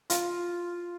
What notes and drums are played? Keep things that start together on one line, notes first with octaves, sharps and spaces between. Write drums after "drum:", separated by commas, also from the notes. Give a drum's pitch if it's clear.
F4, drum: hi-hat